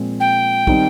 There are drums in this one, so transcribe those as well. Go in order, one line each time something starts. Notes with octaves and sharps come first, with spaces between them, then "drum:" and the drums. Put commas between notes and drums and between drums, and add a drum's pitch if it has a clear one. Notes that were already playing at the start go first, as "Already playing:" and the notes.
Already playing: A#2 F3 G#3 C4
G5
D#3 G3 C4 D#4, drum: kick